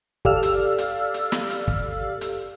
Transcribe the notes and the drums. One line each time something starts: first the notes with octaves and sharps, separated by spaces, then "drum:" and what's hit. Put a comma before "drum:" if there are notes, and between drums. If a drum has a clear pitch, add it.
G4 A4 D5 F5 E6 F6, drum: kick
drum: hi-hat
drum: hi-hat
drum: hi-hat
drum: snare
drum: hi-hat
drum: kick
drum: hi-hat